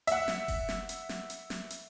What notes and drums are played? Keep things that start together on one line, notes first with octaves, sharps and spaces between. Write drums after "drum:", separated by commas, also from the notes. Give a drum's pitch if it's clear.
E5 F#5, drum: hi-hat
drum: snare
drum: kick F1, open hi-hat
drum: snare
drum: hi-hat
drum: snare
drum: hi-hat
drum: snare
drum: hi-hat